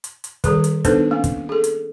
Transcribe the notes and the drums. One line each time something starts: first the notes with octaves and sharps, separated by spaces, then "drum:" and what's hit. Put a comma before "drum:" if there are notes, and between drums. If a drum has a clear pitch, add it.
drum: hi-hat
drum: hi-hat
D#3 G3 G#4 B4, drum: kick, hi-hat
drum: hi-hat
B3 D4 D#4 A4 B4 C5, drum: kick, hi-hat
A#3 C#4
drum: kick, hi-hat
G#4 A4
drum: hi-hat